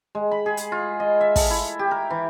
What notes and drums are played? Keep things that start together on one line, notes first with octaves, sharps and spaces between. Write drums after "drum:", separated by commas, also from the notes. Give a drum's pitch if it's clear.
G#3
B5
G#4
drum: hi-hat
F4
D#5
E5
A4, drum: kick, open hi-hat
E4
G4
A#4
E3